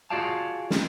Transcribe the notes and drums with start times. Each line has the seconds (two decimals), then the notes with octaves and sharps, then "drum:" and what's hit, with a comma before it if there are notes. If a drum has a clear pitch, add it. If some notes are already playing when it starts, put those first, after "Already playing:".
0.10 F4 F#4 G#4 D5 F5 A5
0.70 drum: snare